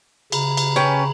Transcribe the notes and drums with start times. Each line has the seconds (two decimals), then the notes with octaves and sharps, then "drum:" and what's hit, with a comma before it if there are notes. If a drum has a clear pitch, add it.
0.32 C#3 A#5 B5, drum: cymbal
0.57 drum: cymbal
0.76 C#4 B4 G5